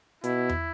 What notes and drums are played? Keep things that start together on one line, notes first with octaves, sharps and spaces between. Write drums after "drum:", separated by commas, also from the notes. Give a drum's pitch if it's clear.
B2 E4, drum: hi-hat
drum: tom E2